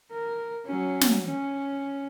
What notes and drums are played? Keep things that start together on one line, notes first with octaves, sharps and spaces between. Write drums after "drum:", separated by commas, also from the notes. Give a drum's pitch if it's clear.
A#4
F#3 C#4
drum: snare
C#4